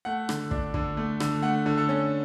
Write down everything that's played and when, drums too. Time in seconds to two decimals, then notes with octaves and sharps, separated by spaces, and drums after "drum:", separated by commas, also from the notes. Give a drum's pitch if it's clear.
0.05 A3 F#5
0.29 D3, drum: rim click
0.51 D4, drum: kick
0.74 D3, drum: kick
0.97 A3
1.20 D3, drum: rim click
1.43 A3 F#5
1.66 D3
1.77 A4
1.89 C#4